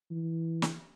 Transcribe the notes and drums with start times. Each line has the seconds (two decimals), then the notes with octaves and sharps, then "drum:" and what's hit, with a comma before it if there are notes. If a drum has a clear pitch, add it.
0.11 E3
0.62 drum: snare